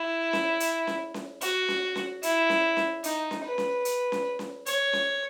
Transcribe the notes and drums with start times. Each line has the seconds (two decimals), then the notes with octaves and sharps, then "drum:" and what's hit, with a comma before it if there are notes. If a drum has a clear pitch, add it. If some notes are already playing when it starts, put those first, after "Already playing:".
Already playing: E4
0.33 drum: snare C#4
0.60 drum: hi-hat
0.87 drum: snare C#4
1.14 drum: snare C#4
1.41 F#4, drum: hi-hat
1.68 drum: snare C#4
1.96 drum: snare C#4
2.23 E4, drum: hi-hat
2.50 drum: snare C#4
2.77 drum: snare C#4
3.04 D#4, drum: hi-hat
3.31 drum: snare C#4
3.44 B4
3.58 drum: snare C#4
3.85 drum: hi-hat
4.12 drum: snare C#4
4.39 drum: snare C#4
4.66 C#5, drum: hi-hat
4.93 drum: snare C#4